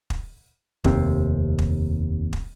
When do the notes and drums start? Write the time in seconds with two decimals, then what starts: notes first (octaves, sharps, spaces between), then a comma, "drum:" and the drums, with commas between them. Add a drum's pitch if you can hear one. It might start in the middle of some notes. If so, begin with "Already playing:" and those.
0.10 drum: kick
0.84 F1 D#2 C3 C4, drum: kick
1.58 drum: kick
2.33 drum: kick